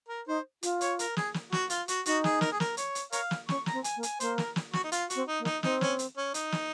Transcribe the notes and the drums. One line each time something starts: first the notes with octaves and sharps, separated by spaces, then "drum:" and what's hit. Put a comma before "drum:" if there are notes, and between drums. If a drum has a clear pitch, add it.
A#4
D#4 C5
F4, drum: hi-hat
C#5, drum: hi-hat
A#4, drum: hi-hat
G#4, drum: snare
drum: snare
F#4, drum: snare
F4, drum: hi-hat
F#4, drum: hi-hat
D#4 F#4, drum: hi-hat
G#4, drum: snare
A#4, drum: snare
G#4
A#4, drum: snare
C#5, drum: hi-hat
drum: hi-hat
A#4 C#5 F5, drum: hi-hat
drum: snare
C#4 C#6, drum: snare
A#5, drum: snare
C4
G#5, drum: hi-hat
A#3
G#5, drum: hi-hat
A#3 C5, drum: hi-hat
A#4, drum: snare
drum: snare
F#4, drum: snare
D#4
F4, drum: hi-hat
F#4, drum: hi-hat
C4
D#4
A#3
D#4, drum: snare
C4 D#4, drum: snare
C#4, drum: snare
drum: hi-hat
C#4
D#4, drum: hi-hat
drum: snare